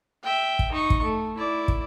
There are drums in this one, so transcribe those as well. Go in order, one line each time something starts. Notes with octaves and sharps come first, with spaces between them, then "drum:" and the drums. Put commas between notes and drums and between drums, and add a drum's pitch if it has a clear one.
E5 G5
drum: kick
D#4 C#6
drum: kick
A3
E4 D5
drum: kick